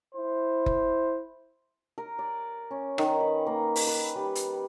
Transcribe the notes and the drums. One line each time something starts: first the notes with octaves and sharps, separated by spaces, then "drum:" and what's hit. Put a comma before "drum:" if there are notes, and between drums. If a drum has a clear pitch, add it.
E4 C5
drum: kick F#1
A#4
D5
C#4
D#3, drum: rim click
B4
A#3
drum: open hi-hat
B4
G3
drum: hi-hat